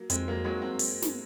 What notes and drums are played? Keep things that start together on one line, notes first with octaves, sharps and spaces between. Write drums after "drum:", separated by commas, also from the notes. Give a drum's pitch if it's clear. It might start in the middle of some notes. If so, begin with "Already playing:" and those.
Already playing: F#3 A#3
F2 G#3 C4, drum: hi-hat
F#3 A#3
F#3 G#3 C4
C4
drum: open hi-hat
drum: snare